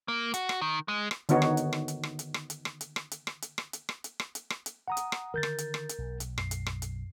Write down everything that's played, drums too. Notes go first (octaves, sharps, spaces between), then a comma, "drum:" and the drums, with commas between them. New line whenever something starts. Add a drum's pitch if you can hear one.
A#3
F#4, drum: hi-hat
drum: rim click
D#3
G#3
drum: rim click
D3 D#3 B3 D#4 F#4 C#5, drum: hi-hat
drum: rim click
drum: hi-hat
drum: rim click
drum: hi-hat
drum: rim click
drum: hi-hat
drum: rim click
drum: hi-hat
drum: rim click
drum: hi-hat
drum: rim click
drum: hi-hat
drum: rim click
drum: hi-hat
drum: rim click
drum: hi-hat
drum: rim click
drum: hi-hat
drum: rim click
drum: hi-hat
drum: rim click
drum: hi-hat
F#5 A#5 D#6
drum: hi-hat
drum: rim click
D3 D#3 A#4 G6 A6
drum: rim click
drum: hi-hat
drum: rim click
drum: hi-hat
B1
drum: hi-hat
F#2 C7, drum: rim click
drum: hi-hat
drum: rim click
drum: hi-hat